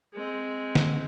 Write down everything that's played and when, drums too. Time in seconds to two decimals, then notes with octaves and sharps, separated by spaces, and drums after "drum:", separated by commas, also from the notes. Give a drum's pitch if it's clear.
0.13 G#3 C4
0.75 drum: snare